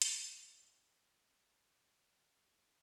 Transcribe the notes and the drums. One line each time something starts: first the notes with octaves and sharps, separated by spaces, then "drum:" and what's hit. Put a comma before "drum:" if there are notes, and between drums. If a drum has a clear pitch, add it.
C#3 A#3 E4, drum: hi-hat